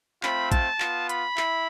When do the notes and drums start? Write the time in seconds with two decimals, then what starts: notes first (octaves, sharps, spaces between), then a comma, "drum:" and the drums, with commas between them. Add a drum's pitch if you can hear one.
0.23 A3 C4 F4 B5, drum: clap
0.52 A5, drum: kick, hi-hat
0.80 B3 F4, drum: clap
1.09 B5, drum: hi-hat
1.37 E4, drum: clap